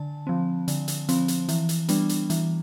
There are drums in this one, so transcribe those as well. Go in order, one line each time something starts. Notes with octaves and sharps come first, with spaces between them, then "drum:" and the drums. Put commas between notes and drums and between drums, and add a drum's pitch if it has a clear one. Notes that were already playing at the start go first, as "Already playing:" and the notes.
Already playing: D3 A5
F3 C4
D3, drum: hi-hat
drum: hi-hat
F3 C4, drum: hi-hat
drum: hi-hat
E3, drum: hi-hat
drum: hi-hat
G3 B3 D4, drum: hi-hat
drum: hi-hat
E3, drum: hi-hat